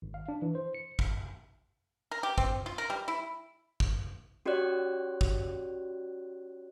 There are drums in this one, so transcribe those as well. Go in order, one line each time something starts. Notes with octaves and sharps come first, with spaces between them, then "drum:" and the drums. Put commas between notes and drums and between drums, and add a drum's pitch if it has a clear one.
G#1
F5
D4
E3
C5
C#7
drum: kick
A#4
G4
C4, drum: kick
F4
A#4
G3
E4
drum: kick
C#4 F#4 G4 C#5 D5 F#6
drum: kick